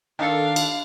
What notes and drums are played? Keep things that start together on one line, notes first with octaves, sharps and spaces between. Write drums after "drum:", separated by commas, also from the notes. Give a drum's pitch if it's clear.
D#3 D4 A4 F5
drum: cymbal